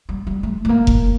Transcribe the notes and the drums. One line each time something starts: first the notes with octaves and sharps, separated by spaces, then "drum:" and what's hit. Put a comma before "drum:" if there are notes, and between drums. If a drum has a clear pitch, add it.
G3
G3
A3
A3
A#3
drum: kick F1